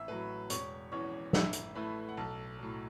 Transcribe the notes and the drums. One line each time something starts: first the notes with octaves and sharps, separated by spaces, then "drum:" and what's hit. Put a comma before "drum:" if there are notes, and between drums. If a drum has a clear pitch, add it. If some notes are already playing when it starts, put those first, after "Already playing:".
Already playing: A1 E5 E6
A2 F#3 B4 B5
E1 C#5 C#6, drum: hi-hat
E2 E3 C#4 C#5 C#6
A1 E5 E6, drum: snare
drum: hi-hat
A2 A3 E4 B4 B5
F#5
B1 A4 A5
A2 F#3